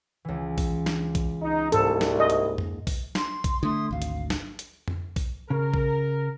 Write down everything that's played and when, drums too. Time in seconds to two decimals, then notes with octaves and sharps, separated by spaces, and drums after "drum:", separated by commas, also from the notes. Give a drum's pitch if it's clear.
0.25 C#2 E3
0.58 drum: kick A#1, open hi-hat
0.86 drum: snare
1.15 drum: kick A#1, hi-hat
1.42 D#4
1.72 C2 G#2 A#3 A4, drum: hi-hat
2.01 drum: snare
2.20 D#5
2.30 drum: hi-hat
2.58 drum: tom F2
2.87 drum: kick A#1, open hi-hat
3.15 C6, drum: snare
3.44 drum: kick A#1, hi-hat
3.63 D3 A3 E4 C6 D#6
3.91 G#1 D2 F5
4.02 drum: hi-hat
4.30 drum: snare
4.59 drum: hi-hat
4.88 drum: tom F2
5.16 drum: kick A#1, open hi-hat
5.50 C#3 A#4
5.74 drum: kick A#1